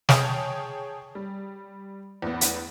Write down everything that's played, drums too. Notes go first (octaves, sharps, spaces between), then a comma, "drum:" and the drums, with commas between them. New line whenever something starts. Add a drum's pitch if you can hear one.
G#4 C#5 G5 A5 D#6, drum: snare
G3
E2 A2 B3
drum: hi-hat